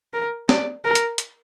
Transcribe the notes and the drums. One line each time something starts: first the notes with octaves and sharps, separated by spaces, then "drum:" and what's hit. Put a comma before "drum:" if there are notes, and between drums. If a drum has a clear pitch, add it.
A#4
D5, drum: snare
A#4
drum: hi-hat
drum: hi-hat